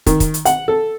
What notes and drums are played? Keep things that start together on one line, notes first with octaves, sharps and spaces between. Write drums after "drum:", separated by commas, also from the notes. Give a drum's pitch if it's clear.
D#3, drum: kick, hi-hat
drum: kick, hi-hat
drum: hi-hat
F#5, drum: hi-hat
A4